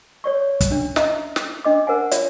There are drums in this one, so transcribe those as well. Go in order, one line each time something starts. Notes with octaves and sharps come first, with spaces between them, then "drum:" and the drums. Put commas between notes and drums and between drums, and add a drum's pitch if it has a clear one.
C#5 D5 C#6
drum: kick, hi-hat
C#4 D4
D#5 E5 A#5, drum: snare
drum: snare
C#4 D4 D#5 D6
A#4 C5 F#5 G#5
F4 C#5 D5 E5, drum: hi-hat